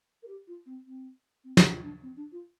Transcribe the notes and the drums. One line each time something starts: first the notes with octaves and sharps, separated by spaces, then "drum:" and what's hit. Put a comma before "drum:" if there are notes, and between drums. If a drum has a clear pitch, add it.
A#4
G4
F4
C4
C4
C4
drum: snare
F4
D4
C4
D4
F4